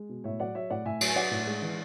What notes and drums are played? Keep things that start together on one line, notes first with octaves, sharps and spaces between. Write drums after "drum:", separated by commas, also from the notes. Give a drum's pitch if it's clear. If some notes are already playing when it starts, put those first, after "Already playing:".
Already playing: G#3
B2
A2 C#5 E5
F#3 D5 F#5
F#3 C#5 E5
A2 D5 F#5
A2 E5 G#5
F#3, drum: cymbal
G#5
F#3 D5 F#5
A2
G#3
E3